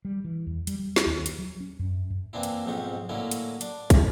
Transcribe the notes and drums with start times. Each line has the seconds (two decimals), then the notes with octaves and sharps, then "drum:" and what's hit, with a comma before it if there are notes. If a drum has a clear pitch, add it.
0.05 G3
0.24 E3
0.46 E2
0.67 G3, drum: hi-hat
0.79 G3
0.96 drum: snare
1.06 D#2
1.26 drum: hi-hat
1.39 F#3
1.60 C#4
1.79 F#2
2.10 F#2
2.33 E3 A#3 C4 D4 E4
2.43 drum: hi-hat
2.66 B1 F2 G#2 C4 C#4 C#6
3.09 A2 D3 F#3 A#3 C#4 E4
3.31 drum: hi-hat
3.61 D4, drum: hi-hat
3.90 drum: kick, hi-hat